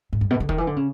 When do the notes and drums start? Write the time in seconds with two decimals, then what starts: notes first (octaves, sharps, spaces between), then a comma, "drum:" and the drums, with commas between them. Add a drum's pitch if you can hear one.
0.13 G#2
0.21 G2
0.31 B2
0.40 D3
0.49 D#3, drum: kick
0.58 E3
0.67 D3
0.76 C#3